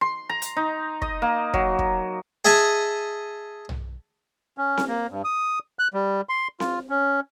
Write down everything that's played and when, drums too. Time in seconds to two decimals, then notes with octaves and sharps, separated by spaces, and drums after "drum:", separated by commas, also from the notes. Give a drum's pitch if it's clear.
0.01 C6
0.29 A#5
0.42 drum: hi-hat
0.56 D#4
1.02 D#5, drum: kick
1.22 A#3
1.54 F#3, drum: kick
1.79 drum: kick
2.45 G#4 D#5 E5 G#5 A5
3.69 drum: tom B1
4.58 C#4
4.77 drum: snare C4
4.88 A#3
5.10 G2
5.24 D#6
5.79 F#6
5.94 G3
6.29 C6
6.60 F4, drum: snare C4
6.89 C#4